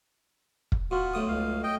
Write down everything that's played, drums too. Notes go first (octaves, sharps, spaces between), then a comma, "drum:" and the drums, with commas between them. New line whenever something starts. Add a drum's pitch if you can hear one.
drum: kick
B2 F4 F#4
B1 A2 D#6
C#2 F5
D#5 G5